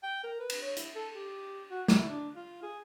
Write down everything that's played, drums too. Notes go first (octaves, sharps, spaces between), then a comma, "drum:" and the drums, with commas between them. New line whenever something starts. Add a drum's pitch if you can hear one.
G5
A#4
B4
drum: cymbal
C#5
E4, drum: hi-hat
A4
G4
F#4
E4, drum: snare
D4
F4
G#4